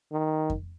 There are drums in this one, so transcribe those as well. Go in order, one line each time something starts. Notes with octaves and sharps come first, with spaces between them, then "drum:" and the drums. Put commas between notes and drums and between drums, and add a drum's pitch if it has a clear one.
D#3
drum: kick F2